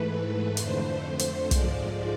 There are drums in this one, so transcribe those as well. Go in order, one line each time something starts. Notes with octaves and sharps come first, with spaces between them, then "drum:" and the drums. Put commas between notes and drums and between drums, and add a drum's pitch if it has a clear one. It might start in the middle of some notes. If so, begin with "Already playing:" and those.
Already playing: G#2 E3 A3 B4
F2 D3 A3 C5, drum: hi-hat
drum: hi-hat
G#2 F3 G#3 D5, drum: kick, hi-hat